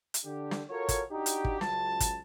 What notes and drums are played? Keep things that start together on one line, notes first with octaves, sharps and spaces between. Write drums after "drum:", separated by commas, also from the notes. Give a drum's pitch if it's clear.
drum: hi-hat
D3 D4 G4
drum: snare
F4 F#4 A4 A#4 C#5
drum: kick, hi-hat
D4 D#4 F#4 G4
drum: hi-hat
drum: kick
C#2 F#3 A5, drum: snare
drum: kick, hi-hat